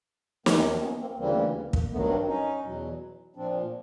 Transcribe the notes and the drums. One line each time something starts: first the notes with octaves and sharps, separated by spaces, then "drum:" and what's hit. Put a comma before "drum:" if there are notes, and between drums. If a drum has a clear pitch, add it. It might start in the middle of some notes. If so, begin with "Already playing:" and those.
D#2 D#3 F#3 A#3 C4, drum: snare
B3 C#4
C4 D4
B3 C#4
A#3 C4
D2 C#3 E3 G3 A#3 C4
A#3
A#3, drum: kick
G2 D#3 F#3 A3 B3
C4 D4
C#4 D#4
E2 B2 F#3
A#2 F3 C4 D4